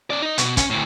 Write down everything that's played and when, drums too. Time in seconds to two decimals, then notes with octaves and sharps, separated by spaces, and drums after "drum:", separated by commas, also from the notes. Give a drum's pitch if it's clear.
0.10 C#4 D5
0.22 D#4 D#5
0.38 B2, drum: hi-hat
0.57 C#4, drum: kick, hi-hat
0.70 D2 A2